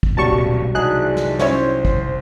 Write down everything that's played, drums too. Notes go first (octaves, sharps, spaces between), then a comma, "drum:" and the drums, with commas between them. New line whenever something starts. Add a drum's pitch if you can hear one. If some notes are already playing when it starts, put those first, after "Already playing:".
drum: kick
D1 B1 A#2 C#3 F#3 G3 A5 C#6
C2 E3 F#3 G#3 D4 D#4 G#4 F#6
drum: snare
C#4 E4 C5 C#5, drum: snare
drum: kick